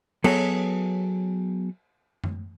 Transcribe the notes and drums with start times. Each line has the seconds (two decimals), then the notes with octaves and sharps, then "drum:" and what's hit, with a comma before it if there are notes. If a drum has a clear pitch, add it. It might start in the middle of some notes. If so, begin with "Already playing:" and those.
0.24 F#3 B3 G#4 A4, drum: cymbal
2.24 drum: tom F#2